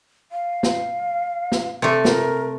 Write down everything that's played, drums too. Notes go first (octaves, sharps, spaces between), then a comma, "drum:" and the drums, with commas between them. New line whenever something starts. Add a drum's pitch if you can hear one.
F5
drum: snare
drum: snare
C3 A3
A#4, drum: snare